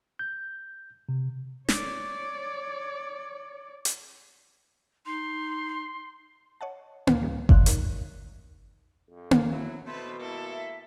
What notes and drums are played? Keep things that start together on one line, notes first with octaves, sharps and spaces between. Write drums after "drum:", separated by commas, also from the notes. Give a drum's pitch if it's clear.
G6
C3
C#5 D5, drum: snare
drum: hi-hat
D#4 C6
C#5 D#5 F#5 A5
D2 A#2 D3 B4, drum: tom A#3
C#2 A2 D#3 G3
C#5 D5 E5 F5 C6 F#6, drum: kick G1
F2 D#3 D#4 A#4 C#5, drum: hi-hat
F2
drum: tom A#3
F#3 E4
B2 A3 E4 B4 C5 A5
G#3 A#3 E4 A4
E5